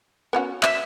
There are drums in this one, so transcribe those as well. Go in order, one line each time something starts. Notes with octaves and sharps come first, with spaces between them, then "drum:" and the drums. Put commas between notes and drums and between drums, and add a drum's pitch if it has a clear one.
B3 C#4 F#4
E5, drum: clap